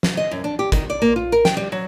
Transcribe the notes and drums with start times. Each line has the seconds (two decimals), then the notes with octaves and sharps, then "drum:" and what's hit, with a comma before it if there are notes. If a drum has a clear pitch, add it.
0.03 drum: snare
0.17 D#5
0.31 F#2
0.44 D4
0.59 G4
0.72 D#3, drum: kick, hi-hat
0.90 D5
1.02 A#3
1.16 F4
1.32 A#4
1.45 G5, drum: snare
1.57 G3
1.72 F#3